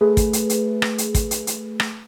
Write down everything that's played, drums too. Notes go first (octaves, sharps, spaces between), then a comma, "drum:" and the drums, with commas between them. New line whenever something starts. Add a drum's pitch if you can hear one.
A3 G#4 B4
drum: kick, hi-hat
drum: hi-hat
drum: hi-hat
drum: rim click
drum: hi-hat
drum: kick, hi-hat
drum: hi-hat
drum: hi-hat
drum: rim click